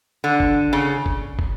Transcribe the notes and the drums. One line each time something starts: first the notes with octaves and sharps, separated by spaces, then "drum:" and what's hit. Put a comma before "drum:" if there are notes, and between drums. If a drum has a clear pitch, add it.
D3
drum: kick
C#3
drum: kick
drum: kick